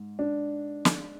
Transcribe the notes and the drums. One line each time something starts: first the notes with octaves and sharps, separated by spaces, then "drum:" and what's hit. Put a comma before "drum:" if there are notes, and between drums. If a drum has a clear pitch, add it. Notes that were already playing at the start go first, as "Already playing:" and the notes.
Already playing: G#2
D4
drum: snare